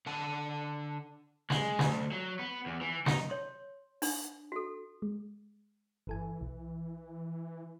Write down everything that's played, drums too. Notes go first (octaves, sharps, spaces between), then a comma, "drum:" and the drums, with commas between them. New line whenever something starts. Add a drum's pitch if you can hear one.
D3 F#5 A5
G#3, drum: snare
D2, drum: snare
F#3
B3
E2
E3
D#4, drum: snare
C#5 C6
D4, drum: open hi-hat
F#4 A4
G#3
G1 E3 A4 G#5
B1